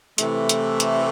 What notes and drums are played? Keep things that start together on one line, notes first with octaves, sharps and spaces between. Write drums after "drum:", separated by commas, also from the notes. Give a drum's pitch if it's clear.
C3 E3 A3, drum: hi-hat
drum: hi-hat
drum: hi-hat